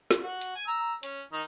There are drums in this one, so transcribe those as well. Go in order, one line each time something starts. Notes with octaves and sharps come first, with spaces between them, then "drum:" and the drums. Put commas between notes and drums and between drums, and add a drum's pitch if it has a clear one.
drum: snare
F#4
drum: hi-hat
G#5
A#5 E6
C#4, drum: hi-hat
D#3 D#4